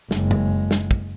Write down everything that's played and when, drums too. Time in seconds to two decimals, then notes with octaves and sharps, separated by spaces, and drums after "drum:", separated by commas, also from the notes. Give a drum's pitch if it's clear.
0.11 F#1 G#3, drum: snare
0.31 drum: tom F#2
0.71 drum: snare
0.91 drum: kick